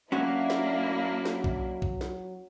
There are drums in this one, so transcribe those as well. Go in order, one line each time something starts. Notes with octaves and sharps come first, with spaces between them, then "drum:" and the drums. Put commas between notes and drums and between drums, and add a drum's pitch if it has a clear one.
F#3 A#3 C#4 D4 E4 F#4 C#5
drum: snare
drum: snare
drum: kick B1
drum: kick B1
drum: snare